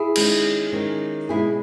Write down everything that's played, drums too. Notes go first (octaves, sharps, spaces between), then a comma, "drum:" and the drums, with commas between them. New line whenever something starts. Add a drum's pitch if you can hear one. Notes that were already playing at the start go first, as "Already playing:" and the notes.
Already playing: E4 G#4
D#3 G#3 C#4, drum: cymbal
D#3 G#3 C#4
B2 G#3 C#4 E4 G#4